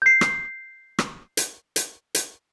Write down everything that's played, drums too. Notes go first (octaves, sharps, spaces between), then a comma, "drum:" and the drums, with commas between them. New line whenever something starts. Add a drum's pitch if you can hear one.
G6 C7
drum: rim click
drum: rim click
drum: hi-hat
drum: hi-hat
drum: hi-hat